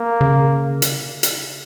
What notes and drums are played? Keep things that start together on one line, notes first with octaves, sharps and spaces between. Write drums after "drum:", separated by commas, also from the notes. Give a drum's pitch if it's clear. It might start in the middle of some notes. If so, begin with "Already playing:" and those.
Already playing: A#3
C#3
drum: hi-hat
drum: hi-hat